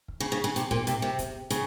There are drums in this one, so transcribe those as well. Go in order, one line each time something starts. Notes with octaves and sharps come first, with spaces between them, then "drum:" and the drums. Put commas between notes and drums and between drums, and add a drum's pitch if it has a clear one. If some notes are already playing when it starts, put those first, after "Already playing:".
drum: kick
C#3
C#3
C#3
C3, drum: hi-hat
A#2, drum: kick
C3, drum: hi-hat
C3
drum: kick, hi-hat
C#3, drum: hi-hat